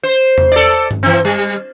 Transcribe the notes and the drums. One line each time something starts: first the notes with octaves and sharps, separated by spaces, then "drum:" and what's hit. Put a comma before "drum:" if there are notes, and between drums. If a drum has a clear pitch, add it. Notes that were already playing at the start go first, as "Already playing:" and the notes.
C5
drum: tom E2
A4 D5
drum: tom G2
E3 C4
G3